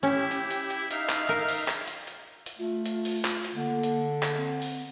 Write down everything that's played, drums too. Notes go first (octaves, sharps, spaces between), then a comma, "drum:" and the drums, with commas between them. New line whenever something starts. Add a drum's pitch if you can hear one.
C#4 E4 G4
drum: hi-hat
drum: hi-hat
drum: hi-hat
D#4 E5 F5, drum: hi-hat
drum: clap
A#4
drum: open hi-hat
drum: clap
drum: hi-hat
drum: hi-hat
drum: hi-hat
A3 F4
drum: hi-hat
drum: open hi-hat
drum: clap
drum: hi-hat
D3 A#3
drum: hi-hat
drum: clap
C4
drum: open hi-hat